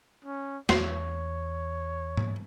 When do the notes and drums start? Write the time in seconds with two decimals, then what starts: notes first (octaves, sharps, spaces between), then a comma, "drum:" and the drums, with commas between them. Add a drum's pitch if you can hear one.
0.25 C#4
0.69 E2 C#4 F#4 C5 C#5, drum: snare
2.17 drum: tom G#2